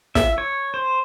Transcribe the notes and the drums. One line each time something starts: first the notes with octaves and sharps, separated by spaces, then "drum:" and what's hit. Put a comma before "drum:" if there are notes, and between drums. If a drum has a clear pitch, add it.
E5, drum: snare
C#5
C5